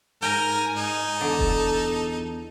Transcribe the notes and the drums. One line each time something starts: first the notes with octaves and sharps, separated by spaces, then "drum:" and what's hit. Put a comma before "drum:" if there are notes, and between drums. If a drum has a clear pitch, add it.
G#2 A#4 G5 G#5 A#5
G#2 D#4
E2 D3 A4
drum: kick E1